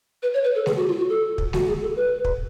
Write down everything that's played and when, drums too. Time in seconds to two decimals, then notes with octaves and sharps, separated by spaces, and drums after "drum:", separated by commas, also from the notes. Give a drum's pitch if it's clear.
0.23 B4
0.34 C#5
0.44 B4
0.55 A4
0.66 G#4, drum: snare G#3
0.76 F#4
0.88 F4
0.98 F#4
1.09 A4
1.38 drum: kick
1.53 F#4, drum: snare G#3
1.67 G#4
1.82 A4
1.96 B4
2.24 drum: kick